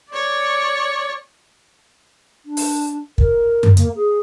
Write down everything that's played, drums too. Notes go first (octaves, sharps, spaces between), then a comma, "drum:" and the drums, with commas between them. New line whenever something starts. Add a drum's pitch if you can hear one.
C#5 D5
D4
drum: open hi-hat
A#4, drum: kick
drum: tom F#2
A#3, drum: hi-hat
G#4